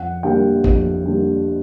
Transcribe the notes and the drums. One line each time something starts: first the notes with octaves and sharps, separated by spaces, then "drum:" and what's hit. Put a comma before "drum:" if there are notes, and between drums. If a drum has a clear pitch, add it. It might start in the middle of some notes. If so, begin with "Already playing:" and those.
Already playing: F2 F#5
D3 G3 A#3 G5
F2, drum: kick
D3 G3 A#3